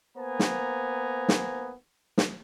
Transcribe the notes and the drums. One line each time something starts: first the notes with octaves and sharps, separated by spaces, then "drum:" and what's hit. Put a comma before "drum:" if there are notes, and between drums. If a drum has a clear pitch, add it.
A#3 B3 C5 G#5 A#5
drum: snare
drum: snare
drum: snare